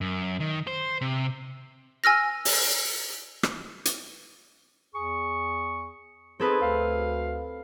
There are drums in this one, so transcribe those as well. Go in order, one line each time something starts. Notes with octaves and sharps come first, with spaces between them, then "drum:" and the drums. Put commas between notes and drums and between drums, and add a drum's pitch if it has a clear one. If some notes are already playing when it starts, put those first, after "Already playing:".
F#2
D#3
C5
C3
G#5 E6 F6 A#6
drum: open hi-hat
drum: rim click
drum: hi-hat
E2 G#4 C#6
C4 D#4 G#4 A4 B4
D2 F5